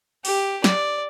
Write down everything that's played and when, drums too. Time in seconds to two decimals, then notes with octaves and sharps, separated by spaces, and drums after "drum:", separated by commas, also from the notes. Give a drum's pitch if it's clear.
0.25 G4, drum: open hi-hat
0.64 D5, drum: snare